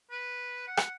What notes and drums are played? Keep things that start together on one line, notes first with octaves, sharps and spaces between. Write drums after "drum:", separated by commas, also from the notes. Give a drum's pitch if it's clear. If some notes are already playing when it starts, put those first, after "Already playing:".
B4
F#5
drum: rim click